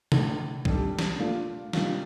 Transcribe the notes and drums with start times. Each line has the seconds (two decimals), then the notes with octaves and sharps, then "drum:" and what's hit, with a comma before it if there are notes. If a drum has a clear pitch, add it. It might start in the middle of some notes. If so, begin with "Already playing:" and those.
0.12 A2 A3 D4, drum: tom C3
0.65 C3 D#3 G3 D4 A4, drum: kick
0.99 drum: snare
1.19 A#2 A3 D4 F4
1.73 C3 D#3 G3 D4 F4, drum: snare